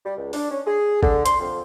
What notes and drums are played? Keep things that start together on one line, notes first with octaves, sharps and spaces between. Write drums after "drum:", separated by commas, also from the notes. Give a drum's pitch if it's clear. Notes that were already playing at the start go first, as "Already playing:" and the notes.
G3
C#2
D4, drum: open hi-hat
C#4
G#4
D3, drum: kick
C6, drum: hi-hat
F2